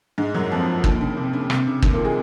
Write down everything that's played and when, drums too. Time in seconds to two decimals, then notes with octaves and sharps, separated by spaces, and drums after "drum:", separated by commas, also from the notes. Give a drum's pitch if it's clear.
0.18 G#2 G#3
0.34 F#2 F#3
0.52 F2 F3
0.84 D#2 D#3, drum: kick
1.01 C#3
1.17 C3
1.33 C#3
1.50 C3, drum: rim click
1.67 C#3
1.82 D#2 D#3, drum: kick
1.94 A#2 A#3
2.04 G#3 G#4